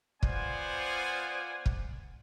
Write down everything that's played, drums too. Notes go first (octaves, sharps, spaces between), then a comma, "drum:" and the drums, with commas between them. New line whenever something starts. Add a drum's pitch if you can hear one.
B3 F4 C5 D5 F#5 G#5, drum: kick
drum: kick